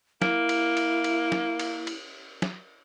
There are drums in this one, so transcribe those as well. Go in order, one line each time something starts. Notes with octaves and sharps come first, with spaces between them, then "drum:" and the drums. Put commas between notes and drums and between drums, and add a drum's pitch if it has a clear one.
A#3 E4, drum: snare
drum: cymbal
drum: cymbal
drum: cymbal
drum: snare
drum: cymbal
drum: cymbal
drum: snare